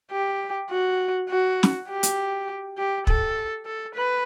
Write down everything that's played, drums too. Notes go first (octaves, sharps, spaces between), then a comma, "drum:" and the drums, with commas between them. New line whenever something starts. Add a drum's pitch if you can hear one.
G4
F#4
F#4
drum: snare
G4
drum: hi-hat
G4
A4, drum: kick
A4
B4